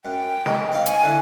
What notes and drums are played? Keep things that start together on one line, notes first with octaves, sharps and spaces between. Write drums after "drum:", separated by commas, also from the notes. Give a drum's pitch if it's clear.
F#2 G5
G#3, drum: snare
C4 D#4 F5
C#5 G#5, drum: hi-hat
D3 E3